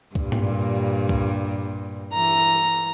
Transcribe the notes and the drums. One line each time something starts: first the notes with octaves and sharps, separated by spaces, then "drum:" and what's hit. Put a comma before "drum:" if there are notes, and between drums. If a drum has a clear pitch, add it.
G2 A#2 G3, drum: kick
drum: tom
drum: kick
E3 A#5